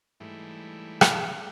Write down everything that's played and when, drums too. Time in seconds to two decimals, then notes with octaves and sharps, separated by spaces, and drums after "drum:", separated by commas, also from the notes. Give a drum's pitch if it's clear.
0.20 G#2 E3 G3 A3
1.01 drum: rim click